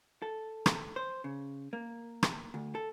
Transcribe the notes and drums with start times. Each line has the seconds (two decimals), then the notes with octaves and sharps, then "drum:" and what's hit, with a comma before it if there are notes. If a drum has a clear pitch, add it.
0.22 A4
0.66 drum: rim click
0.96 C5
1.24 C#3
1.73 A#3
2.23 drum: rim click
2.54 D2
2.75 A4